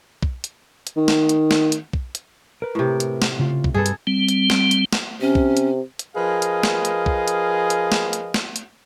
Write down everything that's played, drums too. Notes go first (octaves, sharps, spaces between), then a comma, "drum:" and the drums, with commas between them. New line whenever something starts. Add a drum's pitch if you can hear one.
drum: kick
drum: hi-hat
drum: hi-hat
D#3
drum: snare
drum: hi-hat
drum: snare
drum: hi-hat
drum: kick
drum: hi-hat
A#4 B4 A#5
A2 C3
drum: hi-hat
drum: snare
C#3 F4
drum: kick
G2 G3 G#4 A4 B4
drum: hi-hat
G3 C4
drum: hi-hat
drum: snare
drum: hi-hat
drum: snare
C3 C#4
drum: kick
drum: hi-hat
drum: hi-hat
F3 G#4 A#4 B4 D#5 F5
drum: hi-hat
drum: snare
drum: hi-hat
drum: kick
drum: hi-hat
drum: hi-hat
drum: snare
drum: hi-hat
drum: snare
drum: hi-hat